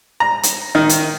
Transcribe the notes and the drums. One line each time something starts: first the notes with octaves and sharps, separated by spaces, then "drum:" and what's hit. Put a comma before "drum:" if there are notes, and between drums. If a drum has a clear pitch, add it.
A#5
drum: hi-hat
D#3
drum: hi-hat